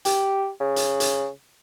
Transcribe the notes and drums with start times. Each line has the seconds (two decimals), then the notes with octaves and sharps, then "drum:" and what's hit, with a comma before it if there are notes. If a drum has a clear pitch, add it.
0.05 G4, drum: hi-hat
0.60 C#3
0.76 drum: hi-hat
1.00 drum: hi-hat